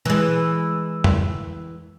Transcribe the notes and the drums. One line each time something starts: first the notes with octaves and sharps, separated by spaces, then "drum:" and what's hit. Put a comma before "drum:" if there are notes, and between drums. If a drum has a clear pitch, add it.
E3 G#3
drum: tom F2